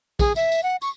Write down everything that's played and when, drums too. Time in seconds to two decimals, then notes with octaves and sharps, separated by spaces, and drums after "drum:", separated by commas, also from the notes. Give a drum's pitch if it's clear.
0.19 G#4, drum: kick, tambourine
0.36 E5, drum: tambourine
0.52 drum: tambourine
0.63 F#5
0.82 C#6, drum: tambourine